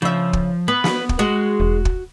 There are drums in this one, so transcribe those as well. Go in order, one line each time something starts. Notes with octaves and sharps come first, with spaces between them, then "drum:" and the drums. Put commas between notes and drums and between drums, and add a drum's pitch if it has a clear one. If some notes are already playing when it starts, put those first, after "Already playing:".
C#3 F3 E5
drum: kick
B3 B4
drum: snare
drum: kick
G#3 F#4
E1
drum: kick